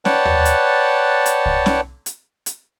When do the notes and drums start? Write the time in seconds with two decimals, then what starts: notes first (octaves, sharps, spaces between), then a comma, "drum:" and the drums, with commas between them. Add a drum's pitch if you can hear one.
0.05 B4 C#5 D5 F#5 G5 A5, drum: snare C#4
0.25 drum: tom D#2
0.45 drum: hi-hat
1.26 drum: hi-hat
1.46 drum: kick C2
1.66 drum: snare C#4
2.06 drum: hi-hat
2.46 drum: hi-hat